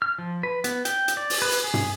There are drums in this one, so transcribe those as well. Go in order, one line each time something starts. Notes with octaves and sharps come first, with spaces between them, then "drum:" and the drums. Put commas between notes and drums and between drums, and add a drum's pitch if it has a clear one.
F6
F3
B4
B3, drum: hi-hat
G5, drum: hi-hat
drum: hi-hat
D5
drum: open hi-hat
B4
drum: hi-hat
G#4
drum: tom